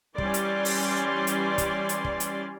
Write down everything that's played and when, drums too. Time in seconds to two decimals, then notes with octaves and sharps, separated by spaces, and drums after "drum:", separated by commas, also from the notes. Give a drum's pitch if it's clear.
0.18 E3 G3 C#4 D5 C6, drum: kick
0.34 drum: hi-hat
0.65 drum: open hi-hat
1.27 drum: hi-hat
1.58 drum: kick, hi-hat
1.89 drum: hi-hat
2.05 drum: kick
2.20 drum: hi-hat